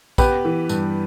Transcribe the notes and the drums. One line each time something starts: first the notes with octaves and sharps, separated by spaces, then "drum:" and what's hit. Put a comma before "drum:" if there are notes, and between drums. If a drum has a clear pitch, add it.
B3 G4 B4, drum: kick, tambourine
E3
G2, drum: tambourine